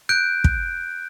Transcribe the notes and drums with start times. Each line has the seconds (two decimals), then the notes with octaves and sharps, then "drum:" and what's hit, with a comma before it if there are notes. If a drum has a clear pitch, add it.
0.09 F#6 G6 D7
0.44 drum: kick